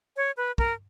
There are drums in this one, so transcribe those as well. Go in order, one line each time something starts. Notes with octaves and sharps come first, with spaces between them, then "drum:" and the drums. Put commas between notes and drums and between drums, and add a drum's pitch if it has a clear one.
C#5
B4
A#4, drum: kick